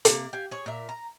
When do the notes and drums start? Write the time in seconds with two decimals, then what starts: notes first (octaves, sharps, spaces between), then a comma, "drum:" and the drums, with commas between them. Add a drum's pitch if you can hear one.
0.05 C3 A#3, drum: hi-hat
0.33 G4 F5 G#5
0.51 G#4 C#5
0.66 A#2 A#4 E5
0.89 A#5